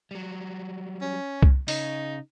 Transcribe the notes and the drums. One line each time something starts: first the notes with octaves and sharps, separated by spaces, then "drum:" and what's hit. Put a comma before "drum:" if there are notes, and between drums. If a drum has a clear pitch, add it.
F#3 G3
C#4
drum: kick C2
C#3 D#4, drum: open hi-hat